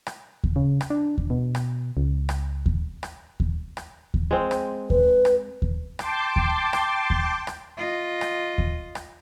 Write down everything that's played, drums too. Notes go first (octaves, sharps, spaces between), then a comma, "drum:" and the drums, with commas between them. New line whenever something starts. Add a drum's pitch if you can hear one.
drum: rim click
drum: kick D#2
C#3
drum: rim click
D4
drum: kick D#2
B2
drum: rim click
C#2
drum: rim click
drum: kick D#2
drum: rim click
drum: kick D#2
drum: rim click
drum: kick D#2
G#3 C4
drum: rim click
B4, drum: kick D#2
drum: rim click
drum: kick D#2
G5 A5 C6 D6, drum: rim click
drum: kick D#2
drum: rim click
drum: kick D#2
drum: rim click
F4 D#5
drum: rim click
drum: kick D#2
drum: rim click